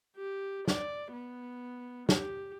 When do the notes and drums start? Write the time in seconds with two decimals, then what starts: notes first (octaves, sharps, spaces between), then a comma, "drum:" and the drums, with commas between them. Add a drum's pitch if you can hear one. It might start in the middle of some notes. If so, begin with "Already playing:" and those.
0.16 G4
0.68 D5, drum: snare
1.12 B3
2.09 G4, drum: snare